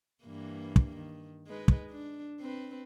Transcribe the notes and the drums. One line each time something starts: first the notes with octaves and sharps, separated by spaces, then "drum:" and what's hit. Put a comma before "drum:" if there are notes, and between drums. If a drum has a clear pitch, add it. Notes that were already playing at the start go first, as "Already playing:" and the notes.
G2 E3 A#3
drum: kick
D#3
G#3 D#4 B4
drum: kick
D4
C4 B4